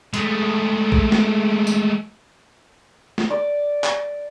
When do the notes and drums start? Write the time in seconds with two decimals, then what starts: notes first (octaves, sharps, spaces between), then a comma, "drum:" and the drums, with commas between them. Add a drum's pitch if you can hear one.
0.14 G#3 A3, drum: hi-hat
0.92 drum: kick
1.12 drum: snare
1.67 drum: tambourine
3.18 drum: snare
3.30 D5
3.84 drum: clap